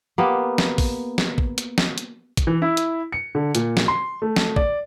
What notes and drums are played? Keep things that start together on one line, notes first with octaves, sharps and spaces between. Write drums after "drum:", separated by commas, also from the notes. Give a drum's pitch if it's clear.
A#3 B3 G4
drum: snare
drum: kick, open hi-hat
drum: snare
drum: kick
drum: hi-hat
drum: snare
drum: hi-hat
drum: kick, hi-hat
E3
E4
drum: hi-hat
C#7
D3
A#2, drum: hi-hat
drum: snare
C6
A3
drum: snare
D5, drum: kick